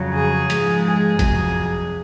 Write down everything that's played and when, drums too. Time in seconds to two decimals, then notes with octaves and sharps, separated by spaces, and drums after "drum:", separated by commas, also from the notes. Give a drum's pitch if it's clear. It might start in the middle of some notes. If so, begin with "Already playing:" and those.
Already playing: F2 C#3 F#3
0.14 G#4
0.50 G#2 F3 G#3, drum: hi-hat
0.85 G#4
1.19 F2 C3 F#3, drum: kick G1, hi-hat